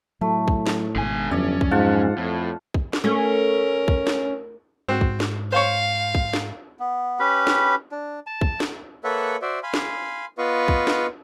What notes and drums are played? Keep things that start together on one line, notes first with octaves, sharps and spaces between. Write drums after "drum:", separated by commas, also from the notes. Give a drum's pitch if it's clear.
A2 F#3 A3
drum: kick
drum: snare
G#1 G#2 B2 D3 G#5
G1 F2 F#3 C#4 D5 E5
drum: kick
G#2 F4 F#5 A5
F2 A2
drum: kick
drum: snare
A3 C#4 A#4
drum: kick
drum: snare
G#2 C4 F#4
drum: kick
drum: snare
C5 C#5 F5
drum: kick
drum: snare
B3
C#4 G4 B4 B5
drum: snare
D4
A5
drum: kick
drum: snare
A#3 A4 B4 C#5 E5 F#5
F#4 C5 D5 E5
F5 G#5 B5 C6
drum: snare
B3 F4 B4 D#5 F5 C#6
drum: kick
drum: snare